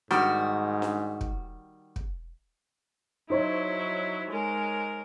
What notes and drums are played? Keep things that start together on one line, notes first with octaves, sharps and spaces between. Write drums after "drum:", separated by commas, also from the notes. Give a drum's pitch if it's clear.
G#2 D#3 G3 F#4 G5, drum: snare D4
drum: snare D4
drum: kick
drum: kick
F#3 D#4 E4 C5 C#5
G#3 A#4